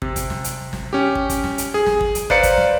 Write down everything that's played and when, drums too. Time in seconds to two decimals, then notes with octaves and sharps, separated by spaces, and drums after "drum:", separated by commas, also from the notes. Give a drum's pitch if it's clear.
0.02 C3, drum: kick
0.16 drum: kick, hi-hat
0.30 drum: snare
0.44 drum: hi-hat
0.73 drum: snare
0.93 C#4 G4
1.15 drum: kick
1.30 drum: kick, hi-hat
1.44 drum: snare
1.58 drum: hi-hat
1.74 G#4
1.86 drum: snare
2.01 drum: kick
2.15 drum: hi-hat
2.30 B4 C5 D5 F5 A#5 C#7, drum: kick
2.43 drum: kick, hi-hat
2.58 drum: snare